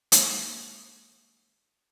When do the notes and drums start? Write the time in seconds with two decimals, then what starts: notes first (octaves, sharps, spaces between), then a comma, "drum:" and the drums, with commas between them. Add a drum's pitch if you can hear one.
0.12 G#3 A#3, drum: hi-hat